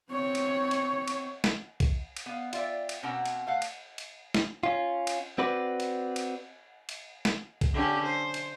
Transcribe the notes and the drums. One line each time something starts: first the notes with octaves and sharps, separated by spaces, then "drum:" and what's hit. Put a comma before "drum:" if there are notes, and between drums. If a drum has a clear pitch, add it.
C4 C#5
drum: cymbal
drum: cymbal
drum: cymbal
drum: snare
drum: kick A#1, cymbal
drum: cymbal
B3 F5
F4 D5 E5 G5, drum: cymbal
drum: cymbal
B2 A#3 C4 C#4 F#5 A#5
drum: cymbal
A3 F5 F#5
drum: cymbal
drum: cymbal
drum: snare
C#4 F4
drum: cymbal
C4 F#4 B4 D5
drum: cymbal
drum: cymbal
drum: cymbal
drum: snare
drum: kick A#1, cymbal
D3 C#4 G4
C5
drum: cymbal